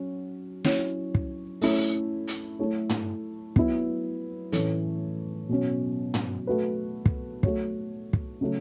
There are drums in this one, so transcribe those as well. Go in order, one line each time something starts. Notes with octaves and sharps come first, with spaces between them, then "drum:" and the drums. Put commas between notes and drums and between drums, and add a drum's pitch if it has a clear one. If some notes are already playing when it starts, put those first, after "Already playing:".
Already playing: F#3 C#4 F#4
F#3 C#4 E4 C#5, drum: snare
drum: kick
A3 C#4 E4 C#5, drum: open hi-hat
drum: hi-hat
A3 E4 A4 C#5
drum: tom
F#3 B3 E4, drum: kick
A2 E3 C#4 A4 C#5, drum: hi-hat
B2 F#3 C#4
drum: tom
A3 F#4 B4
drum: kick
A3 F#4 C#5, drum: kick
drum: kick
C#3 F#3 A3 F#4